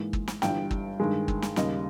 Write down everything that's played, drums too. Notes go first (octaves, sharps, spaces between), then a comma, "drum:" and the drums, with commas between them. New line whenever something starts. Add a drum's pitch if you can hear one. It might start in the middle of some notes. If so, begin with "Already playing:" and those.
Already playing: G#2 E3 A#3
drum: kick
drum: snare
G1 G2 E3 G3 G5, drum: snare
drum: kick
G2 D#3 G#3
drum: kick
drum: snare
D#2 C#3 G3 D#5, drum: snare